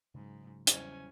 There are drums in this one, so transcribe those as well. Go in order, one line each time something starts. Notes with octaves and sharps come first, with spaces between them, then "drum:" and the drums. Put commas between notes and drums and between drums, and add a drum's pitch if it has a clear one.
G#2 C#3 F#3
E2 G3 C#4 C5 G#5, drum: hi-hat